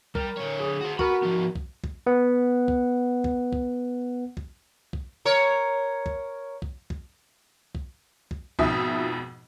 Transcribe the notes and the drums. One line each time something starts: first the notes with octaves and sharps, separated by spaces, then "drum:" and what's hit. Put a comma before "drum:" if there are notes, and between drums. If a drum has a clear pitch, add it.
G3 A#4, drum: kick
D3 C#5
G#4
F#4 C5
F#4 A#4 F#5 B5, drum: kick
F3 B3
drum: kick
drum: kick
B3 F#5
drum: kick
drum: kick
drum: kick
drum: kick
drum: kick
A#4 C#5
drum: kick
drum: kick
drum: kick
drum: kick
drum: kick
F2 G#2 B2 F3 E5 D#6, drum: kick